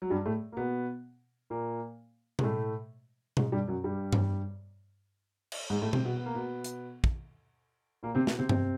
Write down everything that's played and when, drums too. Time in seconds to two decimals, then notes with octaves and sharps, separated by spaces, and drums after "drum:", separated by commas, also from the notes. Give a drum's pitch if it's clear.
0.02 F#3
0.10 G2 G3
0.26 A2 A3
0.52 A#3
0.57 B2 B3
1.50 A#2 A#3
2.39 G#3, drum: tom B2
2.44 A2 A3
3.37 G#2 G#3, drum: tom B2
3.52 G2 G3
3.68 F#2 F#3
3.84 G2 G3
4.13 drum: tom G2
5.52 drum: cymbal
5.70 G#2 G#3
5.82 A2 A3
5.93 C3 C4, drum: tom B2
6.05 B2 B3
6.17 B3
6.26 A#3
6.35 B2 B3
6.64 drum: hi-hat
7.04 drum: kick
8.03 A#2 A#3
8.15 C3 C4
8.27 B2 B3, drum: snare
8.39 C3 C4
8.49 C3 C4, drum: tom G2